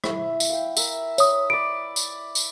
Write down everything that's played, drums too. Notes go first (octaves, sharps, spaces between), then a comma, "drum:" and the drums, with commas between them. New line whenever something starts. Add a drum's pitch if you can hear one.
E4, drum: rim click
drum: tambourine
F5 G5
A#4 E5, drum: tambourine
C#5 D#6, drum: tambourine
B4 D5 D7
drum: tambourine
drum: tambourine